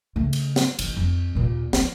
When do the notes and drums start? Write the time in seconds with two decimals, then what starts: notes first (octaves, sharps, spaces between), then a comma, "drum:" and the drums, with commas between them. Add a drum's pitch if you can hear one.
0.16 C#3 A3
0.33 drum: cymbal
0.56 drum: snare
0.79 A1, drum: cymbal
0.97 F2 F3
1.35 D#2 A#2
1.73 F3, drum: snare